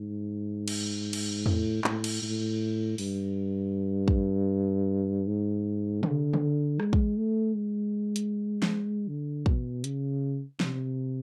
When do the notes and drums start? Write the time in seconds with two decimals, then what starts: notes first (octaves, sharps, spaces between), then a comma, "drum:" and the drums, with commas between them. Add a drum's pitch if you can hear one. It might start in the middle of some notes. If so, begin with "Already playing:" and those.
Already playing: G#2
0.68 drum: cymbal
1.13 drum: cymbal
1.46 A2, drum: tom E2
1.84 A2, drum: clap
2.04 drum: cymbal
2.22 A2
2.98 G2, drum: open hi-hat
4.08 drum: kick
5.27 G#2
6.03 D3, drum: tom C3
6.33 drum: tom C#3
6.80 G#3, drum: rim click
6.93 drum: kick
7.17 A3
7.55 G#3
8.16 drum: hi-hat
8.62 drum: snare
9.08 D3
9.46 B2, drum: kick
9.84 C#3, drum: hi-hat
10.60 C3, drum: snare